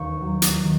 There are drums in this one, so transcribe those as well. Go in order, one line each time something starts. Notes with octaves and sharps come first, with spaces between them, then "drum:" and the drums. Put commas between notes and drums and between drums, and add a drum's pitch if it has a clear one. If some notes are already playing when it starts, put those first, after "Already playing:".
Already playing: E1 D#2 D#3 C#6
F#3
drum: hi-hat
D#3